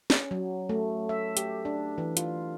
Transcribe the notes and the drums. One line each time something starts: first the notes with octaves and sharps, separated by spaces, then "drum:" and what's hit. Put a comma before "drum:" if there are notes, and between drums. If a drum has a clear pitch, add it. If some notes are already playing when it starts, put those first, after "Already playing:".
C#4, drum: snare
F#3
A3
E5
G4, drum: hi-hat
D4
E3
F4, drum: hi-hat